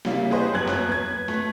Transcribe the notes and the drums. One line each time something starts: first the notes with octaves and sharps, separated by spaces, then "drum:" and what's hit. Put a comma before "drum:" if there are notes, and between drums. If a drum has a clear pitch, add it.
A#2 C#3 G3 A#3 E4, drum: snare
G4 G#4 B4 C5 D#5
G1 F#2 F#6 G#6 F#7
drum: snare
B4 G#6
A3, drum: snare